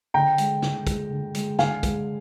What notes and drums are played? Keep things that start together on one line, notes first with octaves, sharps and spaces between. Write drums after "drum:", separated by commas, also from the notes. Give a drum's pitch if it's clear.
D3 G5 A#5
G#3, drum: hi-hat
D3, drum: snare
G#3, drum: kick, hi-hat
D3
G#3, drum: hi-hat
D3 F5 G#5, drum: snare
G#3, drum: kick, hi-hat